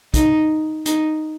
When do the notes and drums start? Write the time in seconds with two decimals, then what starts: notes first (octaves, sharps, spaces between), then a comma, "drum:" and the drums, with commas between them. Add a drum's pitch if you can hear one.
0.14 D#4, drum: kick, hi-hat
0.86 D#4, drum: hi-hat